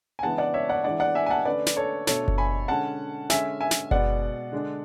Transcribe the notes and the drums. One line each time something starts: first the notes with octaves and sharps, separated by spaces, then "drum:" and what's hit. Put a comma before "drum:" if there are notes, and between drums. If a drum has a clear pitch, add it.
G#5
C#3 E3 G#3 B3 D4 F#5 A5
D5 F#5
C#5 E5
D5 F#5
E3 G#3 D4 D5 F#5
D5 F#5
E5 G#5
G#5
F#5 A5
D3 A3 C#4 B4 D5
drum: snare
A4 C#5
B2 A3 D4 A4 C#5, drum: snare
drum: kick F#1
G#5 B5
D3 G#3 C#4 F#5 A5
D3 G#3 C#4 E5 G#5, drum: snare
E5 G#5
drum: snare
B2 G#3 B3 D5 F#5, drum: kick F#1
D3 G#3 D4